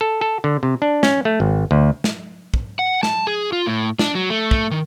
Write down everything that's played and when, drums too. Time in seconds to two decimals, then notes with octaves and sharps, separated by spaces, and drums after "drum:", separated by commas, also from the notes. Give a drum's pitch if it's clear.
0.01 A4
0.21 A4
0.44 D3
0.63 C3
0.82 D4
1.03 C#4, drum: snare
1.25 A3
1.40 G#1
1.71 D2
2.04 drum: snare
2.54 drum: kick
2.79 F#5
3.03 A5, drum: snare
3.27 G#4
3.53 F4
3.66 A2
3.99 D4, drum: snare
4.15 F#3
4.30 A3
4.51 drum: kick
4.71 D#3